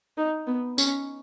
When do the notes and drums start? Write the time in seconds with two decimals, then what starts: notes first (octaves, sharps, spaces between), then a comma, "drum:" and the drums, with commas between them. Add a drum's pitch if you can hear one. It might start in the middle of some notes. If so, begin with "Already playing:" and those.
0.18 D#4
0.47 B3
0.78 C#4, drum: tambourine